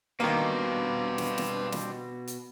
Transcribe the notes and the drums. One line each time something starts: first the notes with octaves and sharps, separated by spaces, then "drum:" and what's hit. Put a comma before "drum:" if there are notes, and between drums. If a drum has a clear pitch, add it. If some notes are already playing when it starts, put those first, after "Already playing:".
B2 D#3 G3 A#3 C4 D4 B4 F5
drum: snare
drum: snare
drum: snare
drum: hi-hat